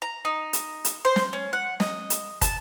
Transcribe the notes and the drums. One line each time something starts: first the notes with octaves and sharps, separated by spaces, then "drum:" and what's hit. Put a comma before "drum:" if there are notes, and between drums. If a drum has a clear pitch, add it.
A#5
D#4
drum: hi-hat
drum: hi-hat
C5
drum: snare
C#4
F#5
D#5, drum: snare
drum: hi-hat
A5, drum: kick, hi-hat